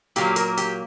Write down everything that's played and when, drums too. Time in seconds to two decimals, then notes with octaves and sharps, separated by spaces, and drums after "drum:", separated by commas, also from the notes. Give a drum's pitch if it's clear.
0.16 A#2 F#3 A#3 G4, drum: hi-hat
0.36 A#4, drum: hi-hat
0.57 G4, drum: hi-hat